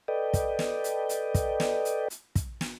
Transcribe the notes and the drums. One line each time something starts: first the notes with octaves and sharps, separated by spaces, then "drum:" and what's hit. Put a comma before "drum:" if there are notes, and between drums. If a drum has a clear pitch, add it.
A4 B4 D5 D#5 G5
drum: kick, hi-hat
drum: snare
drum: hi-hat
drum: hi-hat
drum: kick, hi-hat
drum: snare
drum: hi-hat
drum: hi-hat
drum: kick, hi-hat
drum: snare